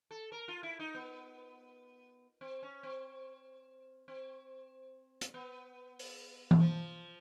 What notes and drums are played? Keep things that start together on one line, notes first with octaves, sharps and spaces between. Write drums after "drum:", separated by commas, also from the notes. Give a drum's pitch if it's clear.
A4
A#4
F4
E4
D#4
B3
C4
C#4
C4
C4
drum: hi-hat
B3
drum: open hi-hat
drum: tom E3
F3